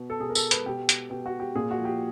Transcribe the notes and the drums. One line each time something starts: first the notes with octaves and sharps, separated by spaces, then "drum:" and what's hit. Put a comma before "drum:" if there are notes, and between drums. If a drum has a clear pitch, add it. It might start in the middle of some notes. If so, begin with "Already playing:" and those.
Already playing: B2
A4
B2 G#4
A#4
A4, drum: tambourine
B4, drum: hi-hat
B2 G4
drum: hi-hat
B2 G4
F#4
G4
A#2 G#4
F#4
F3
G4